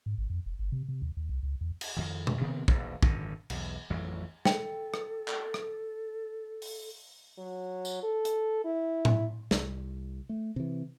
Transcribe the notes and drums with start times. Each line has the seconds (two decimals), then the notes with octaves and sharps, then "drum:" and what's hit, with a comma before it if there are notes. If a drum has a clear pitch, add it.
0.06 G#2
0.18 G#1
0.30 F2
0.46 E1
0.59 G1
0.72 C3
0.88 C3
1.02 D#2
1.17 D#2
1.29 C2
1.43 C#2
1.61 E2
1.81 drum: cymbal
1.97 F2 D#3
2.27 drum: tom B2
2.41 C3 D#3 B3 C4
2.68 E1 A#1, drum: kick
3.03 G#1 F#2 D3, drum: kick
3.50 B1 E2, drum: cymbal
3.90 A1 F2 E3 F#3
4.45 A4 G5, drum: snare
4.94 drum: rim click
5.28 drum: clap
5.54 drum: rim click
6.62 drum: open hi-hat
7.38 F#3
7.85 drum: tambourine
8.03 A4
8.25 drum: hi-hat
8.65 E4
9.05 drum: tom A2
9.51 C2, drum: snare
10.29 A3
10.56 C3 E3